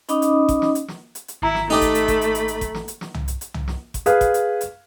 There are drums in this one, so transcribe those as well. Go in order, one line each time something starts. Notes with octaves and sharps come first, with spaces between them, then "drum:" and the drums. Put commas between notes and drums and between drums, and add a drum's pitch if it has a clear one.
C#4 D#4 D#5 B5 D6 D#6, drum: hi-hat
drum: hi-hat
drum: kick G1, hi-hat
drum: snare
drum: hi-hat
drum: snare
drum: hi-hat
drum: hi-hat
G#1 E4 A#5
drum: snare
A3 D#4 G4 D#5 B5
drum: kick G1, hi-hat
drum: hi-hat
drum: kick G1, hi-hat
drum: hi-hat
drum: hi-hat
drum: hi-hat
drum: kick G1, hi-hat
drum: snare
drum: hi-hat
drum: snare
drum: tom
drum: hi-hat
drum: hi-hat
drum: tom
drum: snare
drum: kick G1, hi-hat
G#4 B4 F5, drum: hi-hat
drum: kick G1, hi-hat
drum: hi-hat
drum: hi-hat